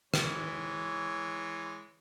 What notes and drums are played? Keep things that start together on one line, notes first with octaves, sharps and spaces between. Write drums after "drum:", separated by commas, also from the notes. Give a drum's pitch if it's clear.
E3 G#3 C#5, drum: rim click